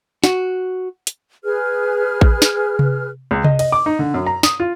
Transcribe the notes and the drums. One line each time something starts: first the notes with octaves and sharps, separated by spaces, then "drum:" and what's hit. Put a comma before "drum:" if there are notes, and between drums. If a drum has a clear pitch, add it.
F#4, drum: snare
drum: hi-hat
G#4 B4 F6
drum: kick A1
drum: snare
drum: tom C3
C#2
D#5, drum: tom C3
D#5, drum: cymbal
D6
D#4
D3
F#2
A#5
D#6, drum: snare
F4